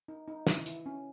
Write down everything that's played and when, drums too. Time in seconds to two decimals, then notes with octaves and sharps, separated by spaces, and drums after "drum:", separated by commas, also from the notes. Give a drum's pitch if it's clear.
0.08 D#4
0.28 D#4
0.47 E4, drum: snare
0.66 E4, drum: hi-hat
0.86 C#4